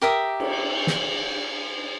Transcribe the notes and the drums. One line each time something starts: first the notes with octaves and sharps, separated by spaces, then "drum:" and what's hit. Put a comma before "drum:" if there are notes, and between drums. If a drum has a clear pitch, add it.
G4 A#4 E5 D#6
drum: cymbal
drum: snare